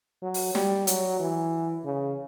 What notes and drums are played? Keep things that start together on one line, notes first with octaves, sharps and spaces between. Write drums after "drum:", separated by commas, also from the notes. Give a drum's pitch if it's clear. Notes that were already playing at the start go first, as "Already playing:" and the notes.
F#3
drum: open hi-hat
G3, drum: snare
F#3, drum: hi-hat
E3
C#3